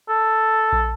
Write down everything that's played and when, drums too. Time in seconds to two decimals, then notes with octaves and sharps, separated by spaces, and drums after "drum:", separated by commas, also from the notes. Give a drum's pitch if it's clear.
0.08 A4
0.72 drum: kick A#1